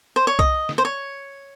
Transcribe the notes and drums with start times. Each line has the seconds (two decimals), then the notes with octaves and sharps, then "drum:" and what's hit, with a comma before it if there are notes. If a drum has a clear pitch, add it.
0.16 C5
0.27 C#5
0.39 D#5, drum: kick C2
0.69 drum: snare
0.78 C5
0.85 C#5